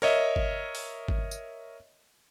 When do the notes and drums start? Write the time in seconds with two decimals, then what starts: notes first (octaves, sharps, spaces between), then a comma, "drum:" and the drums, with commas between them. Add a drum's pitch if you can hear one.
0.02 A#4 C#5 D#5 E5, drum: open hi-hat
0.36 drum: kick
0.75 drum: open hi-hat
1.08 drum: kick
1.31 drum: tambourine